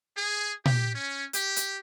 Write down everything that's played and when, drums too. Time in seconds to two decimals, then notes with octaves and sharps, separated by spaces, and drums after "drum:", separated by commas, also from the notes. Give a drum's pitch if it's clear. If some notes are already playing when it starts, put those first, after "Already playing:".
0.17 G#4
0.65 G4, drum: tom A#2
0.95 C#4
1.33 G4, drum: hi-hat
1.56 drum: hi-hat